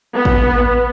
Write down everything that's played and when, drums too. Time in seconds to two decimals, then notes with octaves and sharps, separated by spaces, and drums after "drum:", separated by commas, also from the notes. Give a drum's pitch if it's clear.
0.14 B3
0.25 drum: kick A1